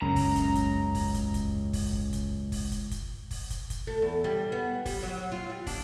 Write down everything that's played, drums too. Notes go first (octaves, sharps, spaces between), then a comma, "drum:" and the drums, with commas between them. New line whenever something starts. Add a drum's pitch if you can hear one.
C#2 F#2 C#3 A#5
drum: kick, open hi-hat
drum: kick, hi-hat
drum: kick, hi-hat
drum: kick, open hi-hat
drum: kick, hi-hat
drum: kick, hi-hat
drum: kick, open hi-hat
drum: kick
drum: kick, hi-hat
drum: kick, open hi-hat
drum: kick, hi-hat
drum: kick, hi-hat
drum: kick, open hi-hat
drum: kick, hi-hat
drum: kick, hi-hat
A3
E2
G3
B3
G3, drum: kick, open hi-hat
F#3
F4
G3
D4, drum: kick, open hi-hat